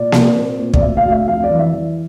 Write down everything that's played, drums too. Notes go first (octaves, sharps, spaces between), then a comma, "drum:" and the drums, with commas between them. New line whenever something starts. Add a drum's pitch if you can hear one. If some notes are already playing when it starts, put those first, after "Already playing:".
Already playing: A#2 D5
C4, drum: snare A#3
C4
A#2
D5, drum: kick
D2 E5
F5
D2
E5
F2 F5
D5
E3
E5
E3